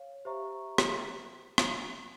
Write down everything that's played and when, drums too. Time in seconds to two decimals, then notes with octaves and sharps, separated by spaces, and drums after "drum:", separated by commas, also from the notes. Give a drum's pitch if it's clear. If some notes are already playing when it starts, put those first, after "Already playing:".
Already playing: C#5 F5
0.25 G4 C5 E5 A#5 C#6
0.78 drum: rim click
1.58 drum: rim click